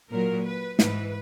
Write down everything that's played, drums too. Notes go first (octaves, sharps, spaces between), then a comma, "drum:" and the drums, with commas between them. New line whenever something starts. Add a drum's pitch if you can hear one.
A#2 F#3 A#4
B4
G#2 E3 B4, drum: snare